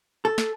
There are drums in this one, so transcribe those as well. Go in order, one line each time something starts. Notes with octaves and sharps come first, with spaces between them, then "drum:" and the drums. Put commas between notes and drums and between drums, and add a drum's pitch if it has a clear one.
A4
drum: snare